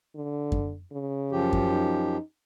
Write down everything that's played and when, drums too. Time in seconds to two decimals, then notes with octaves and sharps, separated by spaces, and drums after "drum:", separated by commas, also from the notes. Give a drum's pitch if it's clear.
0.15 D3
0.52 drum: kick F#2
0.92 C#3
1.31 F#2 F3 G4
1.53 drum: kick F#2
1.71 D#4